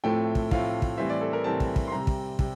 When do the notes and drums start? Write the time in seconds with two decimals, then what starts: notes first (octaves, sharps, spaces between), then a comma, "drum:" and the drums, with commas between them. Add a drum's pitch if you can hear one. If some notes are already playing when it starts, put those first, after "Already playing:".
0.04 A2 F3 A3 C4 G5
0.35 drum: kick
0.51 A2 F3 A3 C4 F5, drum: kick
0.82 drum: kick
0.98 A2 E3 G3 C4 E5
1.10 D5
1.21 A4
1.33 A#4
1.44 A2 E3 G3 C4 A5
1.60 drum: kick
1.76 drum: kick
1.88 C6
1.92 C3 G3 C4 A#5
2.07 drum: kick
2.39 C3 G3, drum: kick